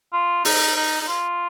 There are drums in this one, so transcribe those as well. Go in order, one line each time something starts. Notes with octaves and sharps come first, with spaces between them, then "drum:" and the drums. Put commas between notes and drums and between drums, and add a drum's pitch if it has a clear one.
F4
D#4, drum: open hi-hat
D#4
D#4
F4